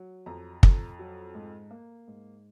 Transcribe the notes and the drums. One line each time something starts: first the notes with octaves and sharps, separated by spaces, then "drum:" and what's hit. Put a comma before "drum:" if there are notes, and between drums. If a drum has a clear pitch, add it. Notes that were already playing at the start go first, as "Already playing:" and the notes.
Already playing: F#3
F2 A#5
F2, drum: kick
F#3
G#2
A#3
G#2